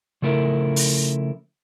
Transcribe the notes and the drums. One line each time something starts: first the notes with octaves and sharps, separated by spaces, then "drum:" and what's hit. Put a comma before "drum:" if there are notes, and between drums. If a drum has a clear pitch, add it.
C#3 F3 A3 E4 A#4
drum: open hi-hat